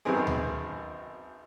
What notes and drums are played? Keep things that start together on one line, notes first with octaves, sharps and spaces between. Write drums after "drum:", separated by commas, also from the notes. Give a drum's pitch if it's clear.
G#1 F#2 D#3 B3 C4 G#4
drum: tom D2